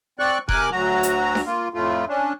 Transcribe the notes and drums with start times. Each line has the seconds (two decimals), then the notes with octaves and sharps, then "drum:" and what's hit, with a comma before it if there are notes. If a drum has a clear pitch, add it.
0.19 C4 D5 C#6 F#6
0.49 C3 A#4 G#5 D6 F#6, drum: kick E1
0.72 D2 F#3 F#4 A#5
1.03 drum: hi-hat
1.35 drum: snare D4
1.46 A#3 F4
1.74 F2 A2 A3 F4
2.09 C#4 D4